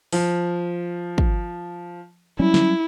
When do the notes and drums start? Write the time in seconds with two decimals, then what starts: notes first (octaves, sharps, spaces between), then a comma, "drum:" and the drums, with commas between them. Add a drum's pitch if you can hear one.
0.12 F3, drum: open hi-hat
1.18 drum: kick
2.39 F#3 G3 C#4 E4
2.54 drum: snare